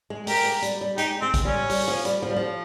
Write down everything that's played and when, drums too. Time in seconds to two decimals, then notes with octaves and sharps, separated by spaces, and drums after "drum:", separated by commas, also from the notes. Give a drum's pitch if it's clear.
0.10 G#3
0.27 G#3 G4 A#4, drum: open hi-hat
0.46 G#3
0.62 G3, drum: hi-hat
0.81 G3
0.98 G#3 D#4 G4, drum: hi-hat
1.22 G#3 C4
1.34 drum: kick, hi-hat
1.45 G3 C#4
1.70 G3, drum: open hi-hat
1.88 F3
2.05 G3, drum: hi-hat
2.22 F3
2.30 G3
2.36 F3